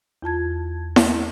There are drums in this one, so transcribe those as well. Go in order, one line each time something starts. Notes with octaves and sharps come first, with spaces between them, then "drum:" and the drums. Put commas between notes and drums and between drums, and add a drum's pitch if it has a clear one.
E2 F4 A5 G#6
drum: snare E4